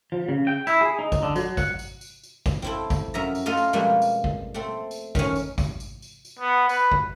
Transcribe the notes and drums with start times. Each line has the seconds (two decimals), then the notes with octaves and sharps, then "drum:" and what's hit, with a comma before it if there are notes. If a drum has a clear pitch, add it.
0.12 F3
0.29 C#3
0.47 G5
0.67 E4, drum: tambourine
0.81 G#4
0.99 D#4
1.12 drum: kick G#1, tambourine
1.23 D3
1.36 F#3, drum: tambourine
1.57 F#5, drum: kick G#1, tambourine
1.79 drum: tambourine
2.01 drum: tambourine
2.23 drum: tambourine
2.46 drum: kick G#1, tambourine
2.62 C4 E4 A4
2.90 drum: kick G#1, tambourine
3.14 F#2 E5 A#5
3.35 drum: tambourine
3.46 A3 F4 D#5 F5
3.57 drum: tambourine
3.73 F2 B2 G3 G#3 A#3
4.02 drum: tambourine
4.24 drum: kick G#1
4.54 A3 C4
4.91 drum: tambourine
5.15 D#3 C#4, drum: kick G#1, tambourine
5.36 drum: tambourine
5.58 drum: kick G#1, tambourine
5.80 drum: tambourine
6.02 drum: tambourine
6.25 drum: tambourine
6.39 B3
6.69 B4, drum: tambourine
6.92 drum: kick G#1